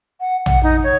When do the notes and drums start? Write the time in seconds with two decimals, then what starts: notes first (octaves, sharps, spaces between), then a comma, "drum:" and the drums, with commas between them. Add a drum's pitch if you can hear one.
0.20 F#5
0.46 F#5, drum: tom
0.63 D#4
0.84 C#5